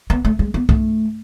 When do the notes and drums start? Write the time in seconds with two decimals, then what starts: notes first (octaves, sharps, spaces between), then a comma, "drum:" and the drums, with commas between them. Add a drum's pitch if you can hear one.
0.10 B3
0.25 A3
0.39 G#3
0.54 B3
0.69 A3, drum: kick C2